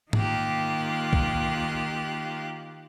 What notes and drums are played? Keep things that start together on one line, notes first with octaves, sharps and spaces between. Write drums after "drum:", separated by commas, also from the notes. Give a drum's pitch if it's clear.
D#3 A#3 F4 G4 F#6, drum: tom G#2
drum: kick B1